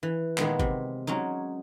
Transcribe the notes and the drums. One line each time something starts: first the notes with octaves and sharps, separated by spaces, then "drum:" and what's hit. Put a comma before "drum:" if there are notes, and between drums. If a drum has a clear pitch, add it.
E3
A#2 D#3 G#3 B3, drum: clap
C3, drum: kick
F#3 G#3 C#4 D#4